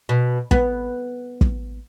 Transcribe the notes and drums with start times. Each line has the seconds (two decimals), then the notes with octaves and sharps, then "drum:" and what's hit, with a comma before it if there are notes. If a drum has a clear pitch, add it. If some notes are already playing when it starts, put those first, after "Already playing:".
0.09 B2
0.51 B3, drum: kick
1.41 drum: kick